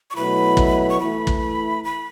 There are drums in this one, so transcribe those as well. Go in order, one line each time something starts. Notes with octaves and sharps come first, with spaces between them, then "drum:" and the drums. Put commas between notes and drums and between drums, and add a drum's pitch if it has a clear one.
C#6
B2 F#3 A3 E4 B4 B5
drum: kick
C#6
E3 A3 E4 B5
drum: kick
B5